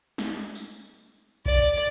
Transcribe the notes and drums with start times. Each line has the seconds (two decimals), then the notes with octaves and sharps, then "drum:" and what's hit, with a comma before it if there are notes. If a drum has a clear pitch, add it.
0.18 drum: snare
0.55 drum: tambourine
1.46 D5, drum: kick A#1